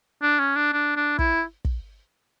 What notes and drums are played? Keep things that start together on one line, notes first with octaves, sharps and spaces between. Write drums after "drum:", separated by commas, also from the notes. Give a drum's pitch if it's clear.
D4
C#4
D4
D4
D4
E4, drum: kick
drum: kick